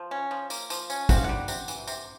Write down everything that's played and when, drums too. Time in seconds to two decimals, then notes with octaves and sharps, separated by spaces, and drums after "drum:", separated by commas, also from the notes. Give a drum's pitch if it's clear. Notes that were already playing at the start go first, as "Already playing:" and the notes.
Already playing: F3
0.11 C#4
0.31 F3
0.50 A#3, drum: tambourine
0.70 F3, drum: tambourine
0.90 C#4, drum: tambourine
1.09 C3 F#5, drum: kick, tambourine
1.17 F5
1.24 G3 F#5
1.48 C3, drum: tambourine
1.68 E3, drum: tambourine
1.87 C3, drum: tambourine